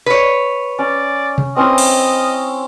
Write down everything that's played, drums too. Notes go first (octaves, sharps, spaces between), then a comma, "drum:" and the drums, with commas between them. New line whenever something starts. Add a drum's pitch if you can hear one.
B4 C#5
C#4 D5
drum: tom C3
C4 C#4 E4 D#5
drum: cymbal